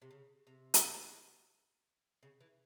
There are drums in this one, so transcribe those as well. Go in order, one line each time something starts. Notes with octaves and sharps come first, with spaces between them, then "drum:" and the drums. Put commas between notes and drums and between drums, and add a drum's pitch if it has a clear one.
C3
C#3
C3
drum: hi-hat
C#3
E3